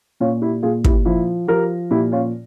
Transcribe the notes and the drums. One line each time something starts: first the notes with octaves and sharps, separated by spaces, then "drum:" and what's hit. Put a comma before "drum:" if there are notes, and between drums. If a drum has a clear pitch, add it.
A#2 C#4 F4
E4 G4
A#2 F4 G#4
E4 G4, drum: kick
F3 E4
F3 G4 A#4
A#2 E4 G4
C#4 F4